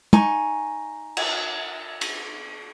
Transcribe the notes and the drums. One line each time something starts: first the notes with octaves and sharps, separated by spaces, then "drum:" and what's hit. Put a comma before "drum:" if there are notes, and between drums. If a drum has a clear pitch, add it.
D#4 G#5 C#6, drum: tom
drum: cymbal
drum: cymbal